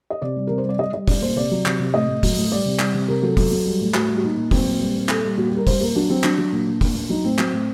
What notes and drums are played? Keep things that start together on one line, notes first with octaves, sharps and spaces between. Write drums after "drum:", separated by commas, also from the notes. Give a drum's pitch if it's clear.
D#5
C3 D5
G3
C3 A#4
C5
G3 D5
G3 D#5
G3 D#5
G3 D5, drum: kick, open hi-hat
A#2 C5
C3 D5
F#3
C3, drum: clap
C3
A2 D#5
A2
F#3, drum: kick, open hi-hat
A2
G3 D5
C3
G3, drum: clap
C3
C3 A#4
F#3 A4
F#3 A4, drum: kick, open hi-hat
F#3
G3
A2
A2 F#4, drum: clap
G3
F#4
A#2 D#4
A#2
F#3 C4, drum: kick, open hi-hat
A#2
G3
A#2
A#2 A4, drum: clap
G3
A#2 F#4
G3 G4
A#4
G3 C5, drum: kick, open hi-hat
A#2 A#4
F#3 D4
F#3 C4
F#3 D4, drum: clap
F#3
A#2
A#2
A#2, drum: kick, open hi-hat
A#2
F#3 D#4
A2 C4
F#3, drum: clap
A2